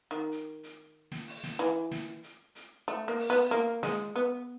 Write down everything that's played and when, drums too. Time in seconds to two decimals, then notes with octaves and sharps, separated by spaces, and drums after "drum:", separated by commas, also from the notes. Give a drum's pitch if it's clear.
0.11 D#3
0.32 drum: hi-hat
0.64 drum: hi-hat
1.11 drum: snare
1.27 drum: open hi-hat
1.43 drum: snare
1.59 E3, drum: hi-hat
1.91 drum: snare
2.23 drum: hi-hat
2.55 drum: hi-hat
2.88 A3
3.08 A#3
3.19 drum: open hi-hat
3.30 B3
3.51 A#3, drum: hi-hat
3.83 G#3, drum: snare
4.16 B3